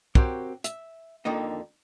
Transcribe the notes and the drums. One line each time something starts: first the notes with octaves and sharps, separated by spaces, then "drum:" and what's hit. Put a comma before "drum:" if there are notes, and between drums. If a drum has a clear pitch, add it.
C4 F#4 G4 A#4 C#5, drum: kick
E5, drum: hi-hat
F2 D3 D#3 A#3 D#4 D#5